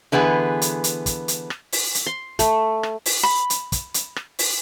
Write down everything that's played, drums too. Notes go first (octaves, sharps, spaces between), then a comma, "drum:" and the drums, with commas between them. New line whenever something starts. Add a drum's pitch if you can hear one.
D3 E3 B3 G#4 B4
drum: hi-hat
drum: hi-hat
drum: kick, hi-hat
drum: hi-hat
drum: rim click
drum: open hi-hat
drum: hi-hat
C6
A3, drum: kick, hi-hat
drum: rim click
drum: open hi-hat
B5
drum: hi-hat
drum: kick, hi-hat
drum: hi-hat
drum: rim click
drum: open hi-hat